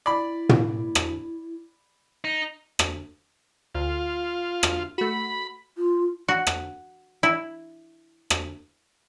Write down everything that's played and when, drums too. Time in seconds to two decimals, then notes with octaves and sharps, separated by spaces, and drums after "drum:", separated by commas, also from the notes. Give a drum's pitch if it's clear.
0.06 E4 D5 B5
0.49 drum: tom
0.95 drum: rim click
2.24 D#4
2.79 drum: rim click
3.75 D2 F4
4.63 drum: rim click
4.98 A3 F#4 B5
5.78 F4
6.28 F#4
6.47 drum: rim click
7.23 E4
8.30 drum: rim click